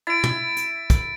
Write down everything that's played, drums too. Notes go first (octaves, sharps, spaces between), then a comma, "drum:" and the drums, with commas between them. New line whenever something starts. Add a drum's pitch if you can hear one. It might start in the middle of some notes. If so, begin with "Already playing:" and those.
E4 A6 D7
drum: tom
drum: hi-hat
drum: kick, hi-hat